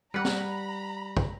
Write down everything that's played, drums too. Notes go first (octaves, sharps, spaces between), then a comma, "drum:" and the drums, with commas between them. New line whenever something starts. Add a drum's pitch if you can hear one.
G3 B4 F#5 A#5 B5
drum: snare
drum: kick